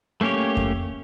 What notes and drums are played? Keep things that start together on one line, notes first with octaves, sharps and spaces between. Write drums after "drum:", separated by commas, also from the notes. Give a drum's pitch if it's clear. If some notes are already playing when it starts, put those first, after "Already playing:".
A3 A#3 C#4 G4 C#5
drum: kick F2